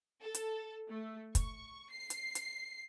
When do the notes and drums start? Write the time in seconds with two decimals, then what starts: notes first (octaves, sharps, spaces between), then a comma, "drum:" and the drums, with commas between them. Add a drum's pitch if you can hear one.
0.20 A4
0.35 drum: hi-hat
0.89 A3
1.35 C#6, drum: kick, hi-hat
1.91 C7
2.10 drum: hi-hat
2.35 drum: hi-hat